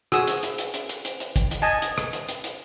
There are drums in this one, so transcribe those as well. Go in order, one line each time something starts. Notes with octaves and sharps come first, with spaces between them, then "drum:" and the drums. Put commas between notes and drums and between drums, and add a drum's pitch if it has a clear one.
F#4 G#4 D#6 E6, drum: rim click
drum: hi-hat
drum: hi-hat
drum: hi-hat
drum: hi-hat
drum: hi-hat
drum: hi-hat
drum: hi-hat
drum: kick, hi-hat
drum: hi-hat
D#5 G#5 A5
drum: hi-hat
drum: rim click
drum: hi-hat
drum: hi-hat
drum: hi-hat